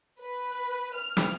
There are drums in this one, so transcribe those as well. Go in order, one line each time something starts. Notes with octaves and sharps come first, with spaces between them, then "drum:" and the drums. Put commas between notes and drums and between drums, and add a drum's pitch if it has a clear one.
B4
F6
drum: snare